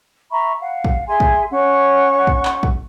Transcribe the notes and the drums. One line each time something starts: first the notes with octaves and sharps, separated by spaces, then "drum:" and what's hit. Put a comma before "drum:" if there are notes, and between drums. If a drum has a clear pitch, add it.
E5 A#5 B5 C#6
F5 F#5
drum: kick
G#4 E5 G#5 C6
drum: kick
C#4 F#5 C#6
drum: kick
drum: clap
drum: kick